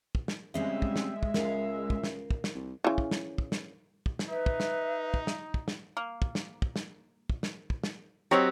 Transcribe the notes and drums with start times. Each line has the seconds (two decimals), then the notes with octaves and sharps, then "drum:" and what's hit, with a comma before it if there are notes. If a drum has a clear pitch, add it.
0.15 drum: kick
0.28 drum: snare
0.54 C#3 G3 G#3 C4 D#5 E5
0.82 drum: kick
0.96 drum: snare
1.23 drum: kick
1.34 C#2 A#4 F5, drum: snare
1.90 drum: kick
2.04 drum: snare
2.31 drum: kick
2.44 drum: snare
2.55 C2
2.84 C#3 E3
2.98 drum: kick
3.11 drum: snare
3.38 drum: kick
3.52 drum: snare
4.06 drum: kick
4.19 drum: snare
4.29 D#4 B4 E5
4.46 drum: kick
4.60 drum: snare
5.14 drum: kick
5.27 drum: snare
5.54 drum: kick
5.68 drum: snare
5.97 A#3
6.22 drum: kick
6.35 drum: snare
6.62 drum: kick
6.76 drum: snare
7.30 drum: kick
7.43 drum: snare
7.70 drum: kick
7.83 drum: snare
8.31 F#3 C4 G4 A#4 C#5 D#5